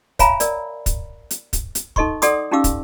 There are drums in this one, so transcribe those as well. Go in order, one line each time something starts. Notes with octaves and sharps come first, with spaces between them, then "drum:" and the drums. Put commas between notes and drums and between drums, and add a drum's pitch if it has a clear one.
C#5 E5 F5 G#5 A#5 B5, drum: kick, hi-hat
A#4 D5, drum: hi-hat
drum: kick, hi-hat
drum: hi-hat
drum: kick, hi-hat
drum: hi-hat
D#4 A4 D#5 C6 C#6, drum: kick
A4 D5 F#5 C6 D6 D#6, drum: hi-hat
C#4 D#4 G4 F5 D6 E6
drum: kick, hi-hat